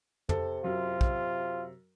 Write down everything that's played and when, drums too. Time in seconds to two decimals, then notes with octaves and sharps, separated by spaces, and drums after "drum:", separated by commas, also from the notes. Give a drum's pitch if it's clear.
0.29 C3 A4, drum: tom
0.64 F#2 F4
1.01 drum: kick